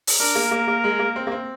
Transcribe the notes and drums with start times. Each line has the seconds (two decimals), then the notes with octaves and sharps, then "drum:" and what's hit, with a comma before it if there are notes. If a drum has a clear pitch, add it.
0.07 drum: open hi-hat
0.20 D4 A#4
0.35 A#3
0.51 A#3
0.68 A#3
0.84 G#3
0.99 A#3
1.16 C4
1.27 A#3
1.32 C4